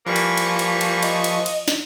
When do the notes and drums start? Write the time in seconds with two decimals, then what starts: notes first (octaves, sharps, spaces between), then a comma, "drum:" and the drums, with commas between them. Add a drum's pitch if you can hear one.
0.06 E3 F3 G3 A#3 C#6
0.16 drum: cymbal
0.37 drum: cymbal
0.59 drum: cymbal
0.81 drum: cymbal
1.03 D#5, drum: cymbal
1.24 drum: cymbal
1.46 drum: cymbal
1.68 drum: snare